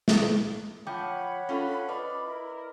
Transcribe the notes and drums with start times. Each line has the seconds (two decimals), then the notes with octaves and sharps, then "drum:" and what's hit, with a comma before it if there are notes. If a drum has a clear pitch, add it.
0.08 drum: snare
0.87 F3 C#5 F#5 G5 B5 D6 G6
1.49 C#4 F4 A4
1.89 B4 D5 D#5
2.25 E4 A#4